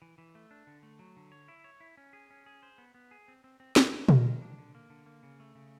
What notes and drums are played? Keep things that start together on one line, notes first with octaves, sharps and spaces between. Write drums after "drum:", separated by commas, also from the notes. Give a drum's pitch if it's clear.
E3
E3
A3
D4
D3
A3
F#3
D3
C#5
E4
C#5
E4
C#4
G#4
C#4
G#4
C5
B3
B3
G#4
C4
C4
C4
C4, drum: snare
A#3
A#3, drum: tom A#2
D#3
D4
D3
A#3
D3
A#3
C#3
A3
C#3